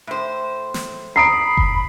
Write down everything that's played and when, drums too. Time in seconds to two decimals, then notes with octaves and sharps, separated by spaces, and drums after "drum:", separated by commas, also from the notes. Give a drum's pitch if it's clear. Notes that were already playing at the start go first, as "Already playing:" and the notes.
0.07 A2 C5
0.74 drum: snare
1.16 A#5 B5 D#6 C7 D7
1.57 drum: kick F#1